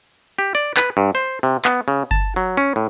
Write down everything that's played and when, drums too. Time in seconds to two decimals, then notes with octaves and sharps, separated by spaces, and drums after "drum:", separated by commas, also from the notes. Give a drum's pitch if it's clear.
0.39 G4
0.55 D5
0.77 B4, drum: clap
0.97 G2
1.15 C5
1.43 C3
1.65 B3, drum: clap
1.88 C#3
2.11 A5, drum: kick G1
2.36 F#3
2.57 C#4
2.76 A2